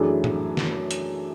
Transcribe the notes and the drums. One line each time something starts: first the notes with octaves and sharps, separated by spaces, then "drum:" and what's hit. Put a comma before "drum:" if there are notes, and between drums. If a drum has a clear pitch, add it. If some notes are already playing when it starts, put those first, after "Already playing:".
Already playing: F#2 E3 A3 D4 G#4
drum: tom A2
drum: snare
drum: hi-hat